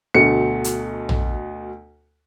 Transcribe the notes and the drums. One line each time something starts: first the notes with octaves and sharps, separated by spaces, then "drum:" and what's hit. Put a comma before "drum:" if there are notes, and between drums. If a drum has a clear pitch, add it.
D2 B2 A3 C#7
drum: hi-hat
drum: tom A#1